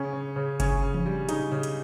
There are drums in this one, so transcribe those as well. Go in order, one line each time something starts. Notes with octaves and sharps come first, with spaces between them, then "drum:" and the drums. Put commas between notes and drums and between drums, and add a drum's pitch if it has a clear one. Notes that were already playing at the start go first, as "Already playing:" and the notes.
Already playing: C#3 C#4
C#3
C#3
C#3 C#4, drum: kick G1, hi-hat
C#3
drum: tom E3
G3
C#3 D#4, drum: hi-hat
C#3
drum: hi-hat